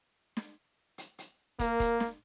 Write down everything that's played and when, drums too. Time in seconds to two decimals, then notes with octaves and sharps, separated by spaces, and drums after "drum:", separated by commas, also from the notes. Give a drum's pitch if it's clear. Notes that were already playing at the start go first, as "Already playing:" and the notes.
0.37 drum: snare
0.98 drum: hi-hat
1.18 drum: hi-hat
1.59 A#3 A#4, drum: kick, hi-hat
1.80 drum: kick, hi-hat
2.00 drum: snare